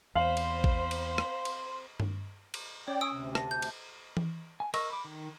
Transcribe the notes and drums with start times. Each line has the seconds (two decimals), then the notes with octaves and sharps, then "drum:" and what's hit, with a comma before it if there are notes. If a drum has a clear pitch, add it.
0.15 E2 C4 C5 F5 B5 C6 F#7
0.37 drum: cymbal
0.64 drum: kick A1
0.91 drum: cymbal
1.18 drum: rim click
1.45 drum: cymbal
2.00 drum: tom G2
2.54 drum: cymbal
2.88 C#4 C#5 D5 G5
3.01 G#5 C#6 D#6 E6 D7
3.12 D2 C3
3.35 A5 A#6, drum: rim click
3.51 G6
3.62 drum: cymbal
4.17 drum: tom E3
4.60 G#5
4.74 A#4 D#5 C#6 E6, drum: cymbal
4.90 B5 D6
5.05 D#3